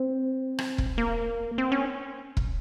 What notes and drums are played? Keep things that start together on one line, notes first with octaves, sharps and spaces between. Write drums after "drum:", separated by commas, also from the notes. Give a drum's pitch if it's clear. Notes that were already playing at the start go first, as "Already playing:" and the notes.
Already playing: C4
drum: rim click
drum: kick E1
A#3
C4
C#4
drum: kick E1